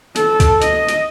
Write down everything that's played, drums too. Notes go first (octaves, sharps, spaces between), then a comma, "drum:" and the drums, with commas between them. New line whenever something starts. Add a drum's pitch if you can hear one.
A4, drum: hi-hat
drum: kick C#2, hi-hat
D#5, drum: hi-hat
drum: hi-hat